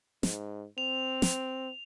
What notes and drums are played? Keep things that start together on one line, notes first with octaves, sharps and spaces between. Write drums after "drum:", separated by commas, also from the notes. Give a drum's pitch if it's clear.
G#2, drum: snare
C4 F7
drum: snare